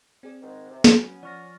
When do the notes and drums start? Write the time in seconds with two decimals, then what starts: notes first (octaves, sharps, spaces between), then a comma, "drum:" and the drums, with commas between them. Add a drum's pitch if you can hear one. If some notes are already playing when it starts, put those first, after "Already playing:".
0.23 C4 G#4 D5
0.42 G#2 D#3
0.70 C3
0.84 F#3 B3 C#4, drum: snare
1.23 F3 D5 C#6 F6 A#6